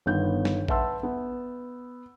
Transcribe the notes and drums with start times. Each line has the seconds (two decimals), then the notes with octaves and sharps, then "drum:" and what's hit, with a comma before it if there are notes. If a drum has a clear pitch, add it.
0.06 G1 D#3 B3 G6
0.45 drum: snare
0.68 B4 E5 F#5 A5 C6 E6, drum: kick A1
1.03 B3